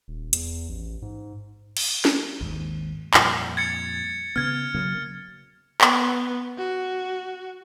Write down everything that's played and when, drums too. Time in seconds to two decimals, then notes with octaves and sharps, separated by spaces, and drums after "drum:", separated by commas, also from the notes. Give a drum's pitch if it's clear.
0.08 D#1
0.33 E2, drum: hi-hat
0.69 A1
1.02 G#2
1.77 drum: cymbal
2.05 drum: snare
2.41 G#1 D#2 G#2
3.14 F2 A#2 G3, drum: clap
3.57 G#6 A6 C#7
4.36 C#3 B3 F6 G#6
4.75 C#3 F#3 A#3
5.81 B3, drum: clap
6.58 F#4